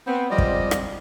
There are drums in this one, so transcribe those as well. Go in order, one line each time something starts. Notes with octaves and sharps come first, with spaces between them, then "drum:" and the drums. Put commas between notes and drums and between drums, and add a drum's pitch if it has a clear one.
B3 C4
F3 G3 G#3 C4 D5 D#5
drum: kick
drum: rim click